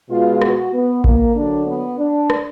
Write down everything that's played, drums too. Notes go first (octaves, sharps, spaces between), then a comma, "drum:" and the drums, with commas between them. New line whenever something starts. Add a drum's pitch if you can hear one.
B2 G#3 F4
F#4, drum: rim click
B3
A#3, drum: kick A1
D3 F#3 D4
B3
D4
drum: rim click